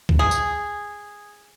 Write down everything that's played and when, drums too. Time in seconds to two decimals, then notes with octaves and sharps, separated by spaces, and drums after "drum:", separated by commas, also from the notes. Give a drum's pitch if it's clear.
0.09 drum: kick
0.19 G#4
0.31 drum: tambourine